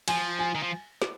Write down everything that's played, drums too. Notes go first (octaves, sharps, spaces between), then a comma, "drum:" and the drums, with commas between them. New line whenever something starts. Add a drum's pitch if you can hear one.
F3 G#5, drum: cymbal
G#5
D#3
F3
drum: snare